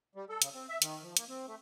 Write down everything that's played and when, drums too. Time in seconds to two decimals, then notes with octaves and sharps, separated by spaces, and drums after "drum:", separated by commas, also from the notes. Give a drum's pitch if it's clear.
0.15 G3
0.29 A4
0.42 C#3, drum: hi-hat
0.54 C4
0.69 E5
0.82 D#3, drum: hi-hat
1.03 F3
1.17 A#3, drum: hi-hat
1.29 C4
1.48 A3